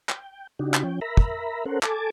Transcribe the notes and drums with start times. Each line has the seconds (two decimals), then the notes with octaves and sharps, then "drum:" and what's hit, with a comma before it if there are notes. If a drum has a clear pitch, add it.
0.09 G5, drum: clap
0.59 C#3 D4 D#4 F#4 G4
0.74 drum: clap
0.83 F3 C#4 G5
1.01 A#4 E5 A#5 B5
1.17 drum: kick
1.65 C#4 A4 A#4 C5 F#5
1.83 A4 G#5 A5 D6, drum: clap